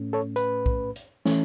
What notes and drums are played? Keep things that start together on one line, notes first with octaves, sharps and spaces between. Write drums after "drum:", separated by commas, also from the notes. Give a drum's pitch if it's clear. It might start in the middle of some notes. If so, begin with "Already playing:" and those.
Already playing: A2 A3 C#4
A4 C#5
B4, drum: hi-hat
drum: kick B1
drum: hi-hat
E3 A3 C#4, drum: snare